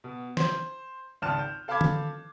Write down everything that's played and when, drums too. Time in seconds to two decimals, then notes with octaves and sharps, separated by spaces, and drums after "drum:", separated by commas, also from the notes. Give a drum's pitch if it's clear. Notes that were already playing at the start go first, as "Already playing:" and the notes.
0.04 B2
0.37 C5, drum: snare
1.22 G#1 C#2 A5 F6 F#6 E7
1.39 G6
1.68 A4 F5 A5 B5 D6 G#6
1.81 drum: tom D3